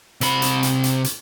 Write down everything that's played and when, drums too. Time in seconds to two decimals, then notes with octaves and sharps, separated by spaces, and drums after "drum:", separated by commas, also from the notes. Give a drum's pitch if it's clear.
0.21 C3 B5, drum: hi-hat
0.42 drum: hi-hat
0.63 drum: hi-hat
0.84 drum: hi-hat
1.04 drum: hi-hat